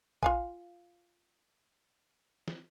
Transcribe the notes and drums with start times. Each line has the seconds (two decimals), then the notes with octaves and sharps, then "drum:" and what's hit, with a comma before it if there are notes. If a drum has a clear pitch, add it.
0.23 F4 F5 G#5, drum: kick A#1
2.48 drum: snare